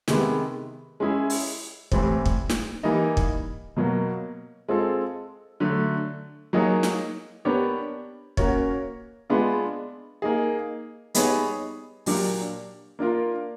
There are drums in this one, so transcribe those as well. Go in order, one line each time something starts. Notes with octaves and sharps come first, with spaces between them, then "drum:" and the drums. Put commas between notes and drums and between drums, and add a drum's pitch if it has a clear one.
C3 D#3 G#3 B3, drum: snare
G#3 C#4 E4 G#4
drum: open hi-hat
A2 E3 G3 C4, drum: kick
drum: kick
drum: snare
E3 G3 A#3 D#4
drum: kick
B2 F#3 A#3
G#3 C4 F4 A4
D3 F#3 A3
F#3 A#3 D#4 G#4 C#5
drum: snare
B3 D4 G4 A#4 C#5
A#3 C#4 F#4 A#4 C#5, drum: kick
G#3 B3 D4 F4
A#3 D#4 G#4
G3 B3 D#4 G#4 C#5, drum: hi-hat
A#2 F#3 A#3 D4 G4, drum: open hi-hat
A#3 D4 F4 A#4